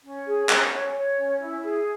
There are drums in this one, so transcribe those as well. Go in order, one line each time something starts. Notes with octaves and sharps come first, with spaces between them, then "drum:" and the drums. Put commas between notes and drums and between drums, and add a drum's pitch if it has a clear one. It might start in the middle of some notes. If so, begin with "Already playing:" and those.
C#4
G#4
C#4, drum: clap
C#5
C#5
C#4
E4
G#4